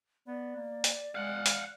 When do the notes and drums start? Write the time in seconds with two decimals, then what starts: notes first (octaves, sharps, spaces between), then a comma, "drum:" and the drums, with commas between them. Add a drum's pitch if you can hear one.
0.27 B3 D5
0.56 A#3
0.84 drum: hi-hat
1.15 G#3 F5 F#5
1.46 drum: hi-hat